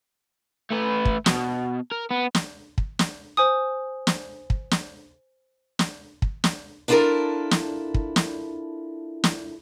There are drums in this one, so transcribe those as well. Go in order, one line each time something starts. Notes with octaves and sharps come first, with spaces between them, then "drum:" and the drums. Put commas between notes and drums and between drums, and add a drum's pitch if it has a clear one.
A3 B4
drum: kick
B2, drum: snare
A#4
B3
drum: snare
drum: kick
drum: snare
C5 G#5 D#6
drum: snare
drum: kick
drum: snare
drum: snare
drum: kick
drum: snare
D4 E4 F4 G4 A4 A#4
drum: snare
drum: kick
drum: snare
drum: snare